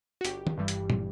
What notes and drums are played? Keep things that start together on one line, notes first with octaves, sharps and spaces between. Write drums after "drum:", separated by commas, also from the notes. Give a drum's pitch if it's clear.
F#4
G1 G4, drum: hi-hat
drum: tom D#3
G2 E3 G3
drum: hi-hat
drum: tom